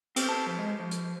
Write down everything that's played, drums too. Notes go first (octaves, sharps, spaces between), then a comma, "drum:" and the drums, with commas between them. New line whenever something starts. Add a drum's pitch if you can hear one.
C4, drum: cymbal
A5
F3
G#3
F3
drum: hi-hat